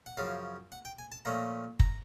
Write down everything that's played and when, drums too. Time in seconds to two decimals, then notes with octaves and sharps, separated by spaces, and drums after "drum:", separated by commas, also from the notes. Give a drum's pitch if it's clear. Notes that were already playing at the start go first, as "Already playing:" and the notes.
0.06 F#5
0.17 F#2 C#3 F3 F5
0.72 F#5
0.85 G5
0.99 G#5
1.12 A5
1.25 A#2 F3 A3 C#4 A#5
1.80 A#5, drum: kick